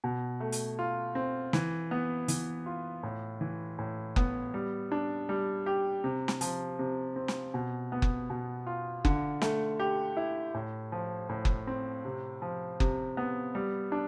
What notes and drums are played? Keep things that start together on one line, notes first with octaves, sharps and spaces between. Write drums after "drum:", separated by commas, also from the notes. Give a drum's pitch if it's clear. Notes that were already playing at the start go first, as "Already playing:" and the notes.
B2
A3
drum: hi-hat
F4
C4
E3, drum: snare
B3
E3, drum: hi-hat
F4
A2
E3
A2
B3, drum: kick F#1
G3
D4
G3
G4
C3
drum: snare
F3, drum: hi-hat
C3
C4
drum: snare
B2
B3
drum: kick F#1
B2
F4
D3, drum: kick F#1
A3, drum: snare
G4
E4
A2
F3
A2
drum: kick F#1
C4
C3
F3
C3, drum: kick F#1
B3
G3
D4